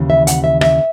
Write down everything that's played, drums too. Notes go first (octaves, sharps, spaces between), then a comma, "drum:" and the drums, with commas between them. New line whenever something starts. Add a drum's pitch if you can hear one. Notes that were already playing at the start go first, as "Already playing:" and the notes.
Already playing: D#2 C#3 E3
E5
F#5, drum: hi-hat
E5
E5, drum: rim click